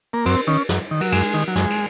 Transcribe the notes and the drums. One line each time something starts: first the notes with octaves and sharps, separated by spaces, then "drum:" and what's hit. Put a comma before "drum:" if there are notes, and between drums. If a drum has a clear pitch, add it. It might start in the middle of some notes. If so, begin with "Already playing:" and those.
A#3
F#2 C4, drum: cymbal
D#3 C#4
F#2, drum: snare
D#3
F#3, drum: cymbal
F#2 G#3, drum: cymbal
D#3
F#3
F#2 G#3, drum: snare
drum: cymbal